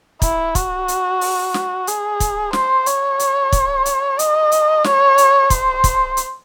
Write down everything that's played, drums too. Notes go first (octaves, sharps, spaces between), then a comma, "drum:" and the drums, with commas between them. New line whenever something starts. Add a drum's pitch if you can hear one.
E4, drum: kick, hi-hat
F#4, drum: kick, hi-hat
drum: hi-hat
drum: open hi-hat
drum: snare
G#4, drum: hi-hat
drum: kick, hi-hat
C5, drum: snare
C#5, drum: hi-hat
drum: hi-hat
drum: kick, hi-hat
drum: hi-hat
D#5, drum: hi-hat
drum: hi-hat
C#5, drum: snare
drum: hi-hat
C5, drum: kick, hi-hat
drum: kick, hi-hat
drum: hi-hat